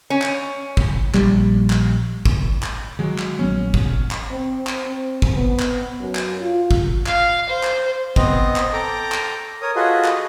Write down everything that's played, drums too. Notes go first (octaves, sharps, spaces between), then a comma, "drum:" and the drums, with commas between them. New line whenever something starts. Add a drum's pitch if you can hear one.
C#4
drum: clap
drum: kick
A#1 G3, drum: clap
drum: clap
drum: kick
drum: clap
D#3 F#3 G#3
drum: clap
A#1 F#3 B3 C#4
drum: kick
drum: clap
C4
drum: clap
C4
drum: kick
B3
drum: clap
F#2
drum: clap
F4
drum: kick
F5, drum: clap
C5
drum: clap
B3 C4 D#5, drum: kick
drum: clap
A4 G5 A#5 D6
drum: clap
A#4 C#5 D#6
F4 F#4 G#4 A4 B4 D#5
drum: clap